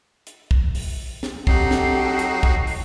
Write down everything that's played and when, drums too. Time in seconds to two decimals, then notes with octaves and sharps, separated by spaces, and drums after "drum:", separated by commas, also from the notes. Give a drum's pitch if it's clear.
0.27 drum: hi-hat
0.51 drum: kick
0.75 drum: open hi-hat
1.23 drum: snare
1.47 F#3 C4 D#4 F#4 G4 A4 C7, drum: kick
1.71 drum: snare
2.19 drum: hi-hat
2.43 drum: kick
2.67 drum: open hi-hat